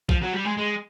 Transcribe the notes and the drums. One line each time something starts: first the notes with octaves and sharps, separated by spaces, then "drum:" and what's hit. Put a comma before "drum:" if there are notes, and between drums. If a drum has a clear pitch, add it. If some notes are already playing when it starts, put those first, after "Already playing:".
F3, drum: kick
F#3
G3
G#3
G#3